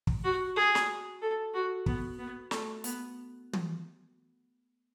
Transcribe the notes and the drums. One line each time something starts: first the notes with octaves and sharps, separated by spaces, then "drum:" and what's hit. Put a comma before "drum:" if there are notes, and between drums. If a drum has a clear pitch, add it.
drum: kick
F#4
G#4
drum: snare
A4
F#4
B3, drum: kick
B3
A3, drum: snare
B3, drum: hi-hat
drum: tom